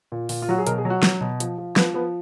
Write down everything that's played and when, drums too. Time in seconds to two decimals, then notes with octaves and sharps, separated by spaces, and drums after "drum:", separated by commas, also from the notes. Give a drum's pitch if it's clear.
0.12 A#2
0.29 A#2, drum: open hi-hat
0.42 F4
0.49 F#3 F#4
0.58 G#4
0.67 B2 A#4, drum: hi-hat
0.78 G#4
0.85 F#3
0.90 F#4
1.03 F#3, drum: snare
1.21 B2
1.40 F3, drum: hi-hat
1.58 F3
1.76 F3 B3, drum: snare
1.94 F3 B3